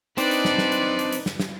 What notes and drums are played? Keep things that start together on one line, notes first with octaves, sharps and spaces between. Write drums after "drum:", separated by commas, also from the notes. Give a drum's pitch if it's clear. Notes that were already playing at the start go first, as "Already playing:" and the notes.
C4 D4 D#4 B4 D5, drum: hi-hat
drum: hi-hat
drum: snare
drum: snare
drum: hi-hat
drum: hi-hat
drum: hi-hat
drum: snare
drum: snare